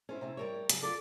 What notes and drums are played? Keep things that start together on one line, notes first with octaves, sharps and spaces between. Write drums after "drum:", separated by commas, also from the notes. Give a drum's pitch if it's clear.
C#4 E4 C5 D5
C3 C4 E4
G3 A#4 C#5
D5
C#3 F#3, drum: hi-hat
F4 A4 D5